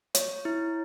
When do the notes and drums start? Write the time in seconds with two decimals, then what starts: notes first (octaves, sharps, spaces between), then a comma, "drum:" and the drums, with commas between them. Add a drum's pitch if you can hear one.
0.15 C#5, drum: hi-hat
0.45 E4